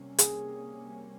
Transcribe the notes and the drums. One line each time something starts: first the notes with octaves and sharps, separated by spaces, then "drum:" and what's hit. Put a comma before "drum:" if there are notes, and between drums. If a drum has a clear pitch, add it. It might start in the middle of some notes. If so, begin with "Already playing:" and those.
Already playing: C3 G3 A#3 C#4
G#4, drum: hi-hat